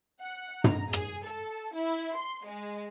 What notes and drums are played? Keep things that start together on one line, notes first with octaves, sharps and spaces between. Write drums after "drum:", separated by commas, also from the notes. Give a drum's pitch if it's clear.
F#5
A#5, drum: tom
G#4, drum: rim click
A4
E4
C6
G#3